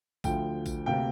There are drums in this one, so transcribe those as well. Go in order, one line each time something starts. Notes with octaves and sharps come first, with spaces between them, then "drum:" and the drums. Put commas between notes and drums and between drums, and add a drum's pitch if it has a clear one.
D2 D3 F3 G5, drum: kick A1, tambourine
drum: kick A1, tambourine
D2 C3 A#3 G5